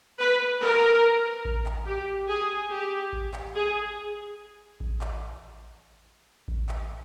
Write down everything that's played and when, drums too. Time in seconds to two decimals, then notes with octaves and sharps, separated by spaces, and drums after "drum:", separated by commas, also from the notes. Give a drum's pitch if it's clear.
0.19 B4
0.61 A#4
1.45 drum: kick A1
1.66 drum: clap
1.87 G4
2.28 G#4
2.70 G4
3.13 drum: kick A1
3.34 drum: clap
3.55 G#4
4.80 drum: kick A1
5.01 drum: clap
6.48 drum: kick A1
6.69 drum: clap